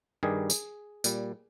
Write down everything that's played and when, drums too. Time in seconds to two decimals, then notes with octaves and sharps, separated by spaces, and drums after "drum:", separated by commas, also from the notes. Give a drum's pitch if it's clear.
0.23 G2 D#3 G3 G#4
0.50 drum: tambourine
1.04 A#2 G3, drum: tambourine